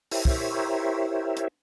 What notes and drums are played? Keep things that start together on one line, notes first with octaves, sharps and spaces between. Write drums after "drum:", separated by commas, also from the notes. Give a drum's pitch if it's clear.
E4 G4 A#4 C5 C#5 E5, drum: open hi-hat
drum: kick
drum: hi-hat